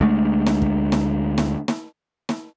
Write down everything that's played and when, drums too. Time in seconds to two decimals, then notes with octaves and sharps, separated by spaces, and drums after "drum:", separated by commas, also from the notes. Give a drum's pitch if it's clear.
0.01 D2 G#3 A3
0.46 drum: snare
0.62 drum: kick
0.92 drum: snare
1.38 drum: snare
1.68 drum: snare
2.29 drum: snare